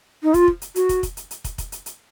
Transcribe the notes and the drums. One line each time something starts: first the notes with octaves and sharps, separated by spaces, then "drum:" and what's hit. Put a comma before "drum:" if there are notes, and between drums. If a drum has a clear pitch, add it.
D#4
F4, drum: kick, hi-hat
drum: kick
drum: hi-hat
F#4, drum: hi-hat
drum: kick, hi-hat
drum: kick, hi-hat
drum: hi-hat
drum: hi-hat
drum: kick, hi-hat
drum: kick, hi-hat
drum: hi-hat
drum: hi-hat